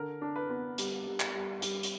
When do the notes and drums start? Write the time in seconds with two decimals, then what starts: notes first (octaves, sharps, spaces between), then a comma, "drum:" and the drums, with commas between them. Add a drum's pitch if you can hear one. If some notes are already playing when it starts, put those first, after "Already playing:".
Already playing: D3 A#4
0.21 D4
0.36 B4
0.49 B3
0.78 G3, drum: hi-hat
1.06 G3
1.20 drum: clap
1.35 G3
1.62 G3, drum: hi-hat
1.83 drum: hi-hat